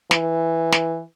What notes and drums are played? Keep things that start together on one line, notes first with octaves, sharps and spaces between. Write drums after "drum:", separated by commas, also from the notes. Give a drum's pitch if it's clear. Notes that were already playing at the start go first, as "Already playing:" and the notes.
E3, drum: snare
drum: snare